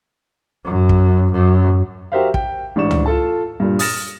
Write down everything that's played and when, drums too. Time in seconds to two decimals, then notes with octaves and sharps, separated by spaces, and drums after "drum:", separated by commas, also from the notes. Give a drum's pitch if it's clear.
0.65 F#2
0.89 drum: kick
1.31 F#2
2.12 F#4 G4 A#4 C5 E5 F5
2.34 G5, drum: kick
2.76 A1 G#2 D4 C#6 E7
2.91 drum: tom C#2
3.06 F4 A4 A5
3.60 G2 A#2
3.79 D#6 F6 A6 A#6 E7, drum: open hi-hat